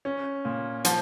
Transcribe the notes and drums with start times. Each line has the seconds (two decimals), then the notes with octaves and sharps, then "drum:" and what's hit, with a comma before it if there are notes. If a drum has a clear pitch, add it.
0.05 C#4
0.45 A#2
0.85 F3, drum: hi-hat